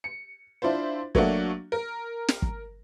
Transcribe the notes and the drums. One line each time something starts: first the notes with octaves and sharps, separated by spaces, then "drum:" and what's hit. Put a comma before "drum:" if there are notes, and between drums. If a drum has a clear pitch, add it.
C#7
D4 E4 F4 C5
F#3 A3 A#3 D4 F#4, drum: kick
A#4
drum: snare
drum: kick